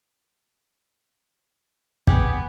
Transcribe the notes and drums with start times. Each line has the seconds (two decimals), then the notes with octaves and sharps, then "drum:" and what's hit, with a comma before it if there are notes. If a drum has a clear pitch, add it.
2.07 B3 G4 G#4 B4, drum: kick